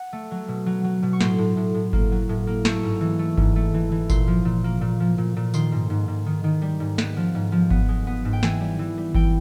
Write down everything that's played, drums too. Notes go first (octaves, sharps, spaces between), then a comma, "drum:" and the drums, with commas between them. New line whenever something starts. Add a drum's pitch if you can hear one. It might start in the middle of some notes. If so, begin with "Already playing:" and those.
Already playing: F#5
A3
F#3
B2
F#3
F#3
B2
C#6
A2 C6, drum: snare
A2
A2
A2
A#3, drum: kick G1
F#3
A2
A#3
A3 C#6, drum: snare
G#2
E3
A3
G#2, drum: kick G1
A3
E3
E3
A#2 C6, drum: kick G1, tambourine
F3
A#2
A#3
A#2
F3
A#2
A#2
D#3 C6, drum: tambourine
G#2
G#2
G#2
D#3
D#3
G3
G#2
B3, drum: snare
F3
G#2
F3
B3, drum: kick G1
G#3
B3
G#2
G5
E3 G#5, drum: snare
G3
E3
G3
E3 G5, drum: kick G1